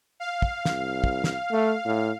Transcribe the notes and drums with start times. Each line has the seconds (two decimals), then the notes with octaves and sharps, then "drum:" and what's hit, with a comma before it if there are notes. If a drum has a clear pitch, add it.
0.20 F5
0.42 drum: kick
0.65 C2, drum: snare
1.04 drum: kick
1.24 drum: snare
1.52 A3
1.85 A2